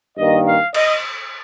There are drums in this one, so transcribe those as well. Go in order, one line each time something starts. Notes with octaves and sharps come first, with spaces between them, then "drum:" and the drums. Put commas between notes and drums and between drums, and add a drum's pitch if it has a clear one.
G2 D#3 A#3 D#5
F5
D#5, drum: cymbal